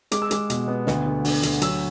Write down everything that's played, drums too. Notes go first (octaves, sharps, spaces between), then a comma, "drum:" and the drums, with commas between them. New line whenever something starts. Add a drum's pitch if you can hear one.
G#3 D6, drum: hi-hat
E6
G#3 D6, drum: hi-hat
B2, drum: hi-hat
B3
D2, drum: snare
D3
D3, drum: open hi-hat
D2, drum: hi-hat
F#3 E6, drum: hi-hat